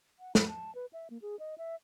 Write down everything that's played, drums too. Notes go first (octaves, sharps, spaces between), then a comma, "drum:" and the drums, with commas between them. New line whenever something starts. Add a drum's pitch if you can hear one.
F#5
B5, drum: snare
A5
B4
E5
A#3
G#4
D#5
E5